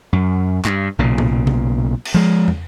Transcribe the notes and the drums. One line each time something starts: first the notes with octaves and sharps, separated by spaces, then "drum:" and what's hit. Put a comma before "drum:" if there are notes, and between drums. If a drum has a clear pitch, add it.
F#2
G2, drum: clap
B1 A#2 C#3
drum: tom A2
drum: tom B2
drum: cymbal
F3 G#3
drum: tom